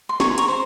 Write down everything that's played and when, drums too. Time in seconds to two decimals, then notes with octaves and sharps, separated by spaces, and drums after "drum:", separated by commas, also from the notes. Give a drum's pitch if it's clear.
0.09 C6
0.20 G#4 A#5 C#6, drum: snare
0.38 A#5 C#6, drum: hi-hat
0.48 C5